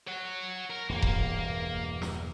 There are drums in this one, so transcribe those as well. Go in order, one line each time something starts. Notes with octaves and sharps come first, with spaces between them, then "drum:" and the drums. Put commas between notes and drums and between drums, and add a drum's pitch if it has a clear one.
C#5 F#5
A#4
E1 G2 A#3
drum: kick E1
drum: snare